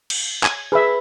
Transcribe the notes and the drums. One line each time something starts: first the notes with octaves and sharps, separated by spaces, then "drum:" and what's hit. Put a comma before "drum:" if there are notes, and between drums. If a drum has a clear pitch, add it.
drum: cymbal
G#5, drum: clap
G#4 B4 E5 B5